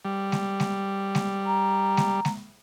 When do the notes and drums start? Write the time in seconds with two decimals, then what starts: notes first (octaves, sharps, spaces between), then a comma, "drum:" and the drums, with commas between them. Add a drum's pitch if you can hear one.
0.05 G3
0.32 drum: snare G#3
0.60 drum: snare G#3
1.15 drum: snare G#3
1.46 A#5
1.97 drum: snare G#3
2.25 drum: snare G#3